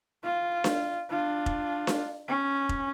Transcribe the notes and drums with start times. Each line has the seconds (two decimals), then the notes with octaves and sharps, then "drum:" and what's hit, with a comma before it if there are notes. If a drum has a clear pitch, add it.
0.24 F4
0.64 drum: snare D4
1.10 D4 F4
1.46 drum: kick F1
1.87 drum: snare D4
2.28 C#4
2.69 drum: kick F1